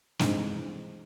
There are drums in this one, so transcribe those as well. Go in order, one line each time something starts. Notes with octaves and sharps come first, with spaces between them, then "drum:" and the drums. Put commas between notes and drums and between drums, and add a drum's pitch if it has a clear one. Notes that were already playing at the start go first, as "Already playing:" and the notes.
G2 E3 G#3 C4 D#4, drum: snare